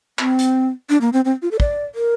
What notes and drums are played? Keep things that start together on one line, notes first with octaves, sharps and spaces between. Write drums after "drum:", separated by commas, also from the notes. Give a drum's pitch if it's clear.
C4, drum: clap
drum: hi-hat
D4
A#3
C4
C4
F4
A4
D5, drum: kick
A#4